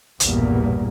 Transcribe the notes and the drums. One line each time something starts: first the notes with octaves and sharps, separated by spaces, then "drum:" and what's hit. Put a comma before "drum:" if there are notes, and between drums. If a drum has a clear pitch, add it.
A#1 E2 G2 B2 G3 A#3, drum: hi-hat